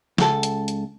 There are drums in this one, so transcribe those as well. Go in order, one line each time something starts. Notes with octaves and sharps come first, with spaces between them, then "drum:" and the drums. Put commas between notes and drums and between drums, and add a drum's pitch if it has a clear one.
C#2 A4, drum: snare
drum: hi-hat
drum: hi-hat